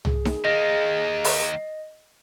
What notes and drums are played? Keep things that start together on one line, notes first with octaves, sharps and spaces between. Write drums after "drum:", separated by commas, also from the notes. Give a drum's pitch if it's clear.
G#4, drum: tom
drum: snare D#4
D#3 A#3 D#5 A#6
drum: open hi-hat